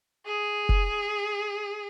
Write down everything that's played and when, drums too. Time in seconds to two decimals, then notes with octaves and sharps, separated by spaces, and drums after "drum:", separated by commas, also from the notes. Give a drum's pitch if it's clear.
0.26 G#4
0.69 drum: kick F1